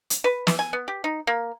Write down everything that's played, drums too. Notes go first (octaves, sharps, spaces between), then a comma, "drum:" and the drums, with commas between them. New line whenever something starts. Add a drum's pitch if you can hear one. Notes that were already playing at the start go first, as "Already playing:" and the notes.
drum: hi-hat
B4
E3, drum: snare
G#5
B3
G4
D#4
A#3